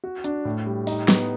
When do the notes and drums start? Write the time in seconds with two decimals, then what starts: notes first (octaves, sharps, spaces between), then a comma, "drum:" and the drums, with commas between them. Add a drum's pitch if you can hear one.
0.04 F#4
0.24 D4, drum: hi-hat
0.45 A2
0.66 G3
0.87 D#4, drum: open hi-hat
1.08 B3, drum: snare